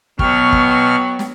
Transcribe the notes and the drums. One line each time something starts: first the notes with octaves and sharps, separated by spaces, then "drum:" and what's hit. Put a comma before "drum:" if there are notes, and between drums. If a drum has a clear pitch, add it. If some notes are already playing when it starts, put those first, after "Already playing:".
B2 F#3 B3 G5 C#6 F6, drum: kick
drum: kick
drum: snare